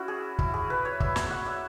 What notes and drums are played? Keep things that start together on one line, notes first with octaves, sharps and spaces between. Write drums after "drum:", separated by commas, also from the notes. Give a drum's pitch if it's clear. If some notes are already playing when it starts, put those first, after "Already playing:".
Already playing: C#4 E4 F#4
G#4
E4, drum: kick
G#4
B4
C#5
E5, drum: kick
C#5, drum: snare
F#5
E5